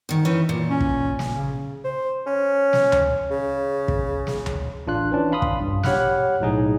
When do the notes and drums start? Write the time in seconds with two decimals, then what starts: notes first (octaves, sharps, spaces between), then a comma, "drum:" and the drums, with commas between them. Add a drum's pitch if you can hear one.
0.09 D2 D#3
0.25 E3 C#4 D#4
0.49 A#2
0.70 C#4
0.81 drum: kick
1.19 drum: snare
1.34 C#3
1.84 C5
2.27 C#4
2.73 drum: snare
2.92 drum: tom D2
3.31 C#3
3.88 drum: kick
4.27 drum: snare
4.46 drum: tom D2
4.87 A1 D4 F4 F#6
5.12 E3 C#4 D4
5.32 F5 B5 C6 D#6
5.42 drum: kick
5.60 G2
5.83 G4 C#5 F#5 B5 F6 F#6, drum: snare
6.40 B1 A2 D#4 G#4